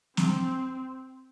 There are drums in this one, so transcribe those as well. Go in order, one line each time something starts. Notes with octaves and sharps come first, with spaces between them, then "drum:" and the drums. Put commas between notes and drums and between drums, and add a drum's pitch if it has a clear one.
C4, drum: snare